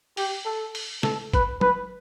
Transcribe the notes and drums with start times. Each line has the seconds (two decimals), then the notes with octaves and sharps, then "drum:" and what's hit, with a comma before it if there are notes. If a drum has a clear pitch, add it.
0.17 G4, drum: open hi-hat
0.45 A4
0.75 drum: open hi-hat
1.03 A4, drum: snare
1.33 B4, drum: kick, hi-hat
1.61 B4, drum: tom F#3